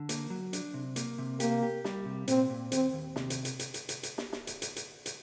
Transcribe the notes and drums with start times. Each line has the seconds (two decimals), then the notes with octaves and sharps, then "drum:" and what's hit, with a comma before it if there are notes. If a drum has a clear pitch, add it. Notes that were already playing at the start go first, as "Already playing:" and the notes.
Already playing: D3
0.09 A#3, drum: hi-hat
0.30 F#3
0.53 D4, drum: hi-hat
0.74 C3
0.96 A#3, drum: hi-hat
1.18 C3
1.40 A#3 G4, drum: hi-hat
1.63 G4
1.85 G3, drum: snare
2.06 C3
2.28 A#2 C4, drum: hi-hat
2.50 A#2
2.72 D#2 C4, drum: hi-hat
2.93 D#2
3.16 C3, drum: snare
3.30 drum: hi-hat
3.45 drum: hi-hat
3.59 drum: hi-hat
3.74 drum: hi-hat
3.89 drum: hi-hat
4.03 drum: hi-hat
4.18 drum: snare
4.33 drum: snare
4.47 drum: hi-hat
4.62 drum: hi-hat
4.76 drum: hi-hat
5.06 drum: hi-hat